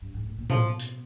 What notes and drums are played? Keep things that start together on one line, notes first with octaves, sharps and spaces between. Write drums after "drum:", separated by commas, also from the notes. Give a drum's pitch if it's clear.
G2
G#2
A2
A#2
B2 F3, drum: tom A2
drum: hi-hat